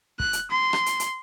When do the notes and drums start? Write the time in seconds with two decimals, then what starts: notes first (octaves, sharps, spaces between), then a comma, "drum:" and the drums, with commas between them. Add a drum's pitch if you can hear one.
0.20 F#6, drum: kick
0.33 drum: hi-hat
0.51 C6
0.73 drum: rim click
0.86 drum: hi-hat
1.00 drum: hi-hat